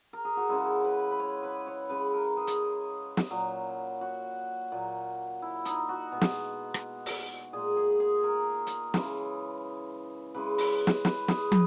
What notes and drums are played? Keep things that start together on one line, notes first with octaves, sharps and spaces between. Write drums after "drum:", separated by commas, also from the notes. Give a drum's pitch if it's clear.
A#4
G#4
F#4
C#3 G#3 E4
B4
B4
C#5
B4
C#5
C#3 G#3 B4
A#4
G#4
drum: hi-hat
drum: snare
A#2 F#3
F#4
A#2 F#3
E4
D#4, drum: hi-hat
F#4
B2 G#3
drum: snare
drum: rim click
drum: open hi-hat
A#2 G#3 G#4
G#4
G#4
A#4
drum: hi-hat
C#3 E3 G#3, drum: snare
C#3 E3 G#3 B4
B4, drum: open hi-hat
drum: snare
B4, drum: snare
G#4, drum: snare
B4, drum: tom